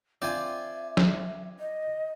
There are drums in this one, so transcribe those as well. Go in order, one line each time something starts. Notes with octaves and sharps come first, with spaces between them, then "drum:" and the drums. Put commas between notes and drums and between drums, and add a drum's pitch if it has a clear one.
C4 F4 D5 E5 G#5
drum: snare
D#5